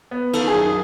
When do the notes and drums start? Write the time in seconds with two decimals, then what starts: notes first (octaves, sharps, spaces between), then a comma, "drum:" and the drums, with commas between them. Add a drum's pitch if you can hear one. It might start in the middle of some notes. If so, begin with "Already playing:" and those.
0.11 B3
0.33 D#3 A4, drum: cymbal
0.48 G#4
0.54 F#2
0.61 G#4